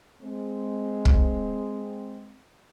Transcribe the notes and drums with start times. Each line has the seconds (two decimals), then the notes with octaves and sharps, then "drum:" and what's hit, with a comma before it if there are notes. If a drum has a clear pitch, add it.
0.22 G#3 C4
1.05 drum: kick